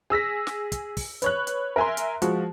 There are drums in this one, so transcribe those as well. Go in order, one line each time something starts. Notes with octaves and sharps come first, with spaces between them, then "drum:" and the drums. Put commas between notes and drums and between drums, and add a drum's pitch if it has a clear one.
G#4 E6 A#6 B6
drum: snare
drum: kick, hi-hat
drum: kick, open hi-hat
B4 C#5 F#6, drum: hi-hat
drum: hi-hat
A#4 E5 G#5 A#5 C6
drum: hi-hat
F3 G#3 F#4, drum: hi-hat